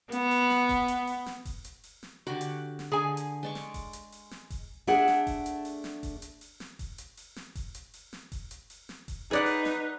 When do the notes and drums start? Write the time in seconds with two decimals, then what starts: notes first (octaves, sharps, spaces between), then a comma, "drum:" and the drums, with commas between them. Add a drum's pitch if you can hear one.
0.12 B3, drum: hi-hat
0.31 drum: open hi-hat
0.50 drum: snare
0.69 drum: kick F1, open hi-hat
0.88 drum: hi-hat
1.07 drum: open hi-hat
1.26 drum: snare
1.45 drum: kick F1, open hi-hat
1.64 drum: hi-hat
1.84 drum: open hi-hat
2.03 drum: snare
2.27 D3 F#4 G4 D6
2.41 drum: hi-hat
2.79 drum: snare
2.92 D3 G#4 G#5
3.17 drum: hi-hat
3.43 G#3 D5 C#6
3.55 drum: snare
3.74 drum: kick F1, open hi-hat
3.93 drum: hi-hat
4.12 drum: open hi-hat
4.31 drum: snare
4.50 drum: kick F1, open hi-hat
4.87 A3 D4 G#4 F#5, drum: open hi-hat
5.08 drum: snare
5.27 drum: kick F1, open hi-hat
5.46 drum: hi-hat
5.65 drum: open hi-hat
5.84 drum: snare
6.03 drum: kick F1, open hi-hat
6.22 drum: hi-hat
6.41 drum: open hi-hat
6.60 drum: snare
6.79 drum: kick F1, open hi-hat
6.98 drum: hi-hat
7.17 drum: open hi-hat
7.36 drum: snare
7.55 drum: kick F1, open hi-hat
7.75 drum: hi-hat
7.94 drum: open hi-hat
8.13 drum: snare
8.32 drum: kick F1, open hi-hat
8.51 drum: hi-hat
8.70 drum: open hi-hat
8.89 drum: snare
9.08 drum: kick F1, open hi-hat
9.31 D#4 G#4 B4 D5 F#5
9.46 drum: open hi-hat
9.65 drum: snare